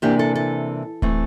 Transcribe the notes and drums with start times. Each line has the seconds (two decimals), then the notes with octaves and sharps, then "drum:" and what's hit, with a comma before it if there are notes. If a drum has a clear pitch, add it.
0.02 C3 E3 A#3 D4 G4
0.19 A4
0.35 A4
1.02 E3 A3 C4, drum: kick D1